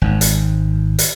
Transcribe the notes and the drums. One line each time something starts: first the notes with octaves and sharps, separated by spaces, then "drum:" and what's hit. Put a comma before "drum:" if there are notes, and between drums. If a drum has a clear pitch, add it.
G#1 G#2
drum: hi-hat
drum: hi-hat